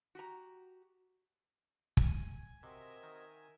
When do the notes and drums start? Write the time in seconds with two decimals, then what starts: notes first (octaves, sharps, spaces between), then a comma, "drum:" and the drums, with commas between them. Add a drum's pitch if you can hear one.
0.15 F#4 G4 A#5
1.97 G#5, drum: kick
2.63 C3 C4 F#4 A#4 D#5 E5
3.03 D#3